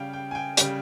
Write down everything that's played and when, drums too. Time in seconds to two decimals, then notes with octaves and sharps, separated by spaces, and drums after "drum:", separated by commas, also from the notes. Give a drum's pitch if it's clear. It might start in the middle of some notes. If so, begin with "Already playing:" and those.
Already playing: C#3 G3 F5 G5
0.13 G5
0.31 G#5
0.35 G5
0.57 C#3 G3 G5, drum: hi-hat